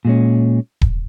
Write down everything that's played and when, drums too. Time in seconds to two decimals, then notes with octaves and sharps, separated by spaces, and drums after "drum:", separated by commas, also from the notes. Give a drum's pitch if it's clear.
0.05 A#2 G#3 C#4
0.81 drum: kick D#1